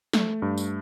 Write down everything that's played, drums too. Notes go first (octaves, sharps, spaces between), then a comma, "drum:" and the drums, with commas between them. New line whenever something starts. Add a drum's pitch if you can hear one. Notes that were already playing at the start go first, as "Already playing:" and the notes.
A3, drum: snare
G2
drum: tambourine